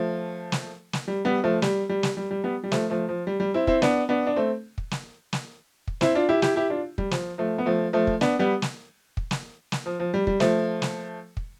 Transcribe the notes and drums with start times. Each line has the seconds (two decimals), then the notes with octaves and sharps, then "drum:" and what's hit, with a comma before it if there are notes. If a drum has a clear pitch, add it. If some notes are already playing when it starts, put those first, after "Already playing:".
Already playing: F3 A3
0.52 drum: snare
0.93 drum: snare
1.08 G3
1.25 G3 B3
1.44 F3 A3
1.62 G3, drum: snare
1.89 G3
2.03 drum: snare
2.17 G3
2.31 G3
2.44 G3 B3
2.64 G3
2.72 F3 A3, drum: snare
2.90 F3 A3
3.09 F3
3.27 G3
3.40 G3
3.54 C4 E4
3.67 C4 E4, drum: kick
3.82 B3 D4, drum: snare
4.09 B3 D4
4.26 D4
4.36 A3 C4
4.78 drum: kick
4.91 drum: snare
5.33 drum: snare
5.88 drum: kick
6.01 C4 E4, drum: snare
6.15 D4 F4
6.29 E4 G4
6.42 E4 G4, drum: snare
6.56 E4 G4
6.70 D4 F4
6.98 G3, drum: kick
7.11 F3, drum: snare
7.38 F3 A3
7.58 B3
7.66 F3 A3
7.93 F3 A3
8.07 drum: kick
8.21 B3 D4, drum: snare
8.39 G3 B3
8.62 drum: snare
9.17 drum: kick
9.31 drum: snare
9.72 drum: snare
9.86 F3
10.00 F3
10.14 G3
10.27 G3, drum: kick
10.40 F3 A3, drum: snare
10.82 drum: snare
11.37 drum: kick